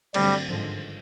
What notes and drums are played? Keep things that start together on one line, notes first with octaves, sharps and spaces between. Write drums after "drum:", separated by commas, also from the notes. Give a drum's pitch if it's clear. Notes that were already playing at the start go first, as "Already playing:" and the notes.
G2 D3 F#3 G3 A3 C4, drum: cymbal
G#1 G2 D3 F3 G#3